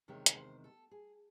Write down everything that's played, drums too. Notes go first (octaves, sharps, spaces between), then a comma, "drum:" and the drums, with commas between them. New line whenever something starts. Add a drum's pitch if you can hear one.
E2 C3 D#3 G#3 C#5
drum: hi-hat
C5
A4
G#4